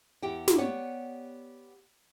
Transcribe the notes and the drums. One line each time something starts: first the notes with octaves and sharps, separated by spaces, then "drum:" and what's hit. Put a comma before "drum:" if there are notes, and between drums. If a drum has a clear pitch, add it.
E2 G4 F#5 G5
drum: snare
B3 G4 C#5 D5 F#5